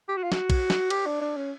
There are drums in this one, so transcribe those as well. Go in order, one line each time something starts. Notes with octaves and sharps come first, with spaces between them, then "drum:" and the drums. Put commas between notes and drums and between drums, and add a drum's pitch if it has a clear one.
G4
F#4
F4
F#4, drum: snare
drum: kick, cymbal
drum: snare
G4, drum: cymbal
D4
D4
C#4